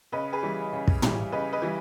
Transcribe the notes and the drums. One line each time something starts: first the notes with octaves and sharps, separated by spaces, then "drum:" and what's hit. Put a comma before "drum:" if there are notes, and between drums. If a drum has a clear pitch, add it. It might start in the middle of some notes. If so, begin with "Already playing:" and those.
C#3 B4 D#5
G#4 B4
E3 G3
C#3
drum: kick
E3 G3, drum: tom
C#3 B4 D#5
B4 D#5
E3 G3